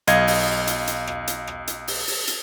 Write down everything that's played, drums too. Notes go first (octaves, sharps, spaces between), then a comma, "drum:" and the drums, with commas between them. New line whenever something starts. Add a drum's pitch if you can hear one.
B1 D#5 F5 G#6, drum: hi-hat
drum: open hi-hat
drum: hi-hat
drum: hi-hat
drum: rim click
drum: hi-hat
drum: rim click
drum: hi-hat
drum: open hi-hat
drum: open hi-hat
drum: hi-hat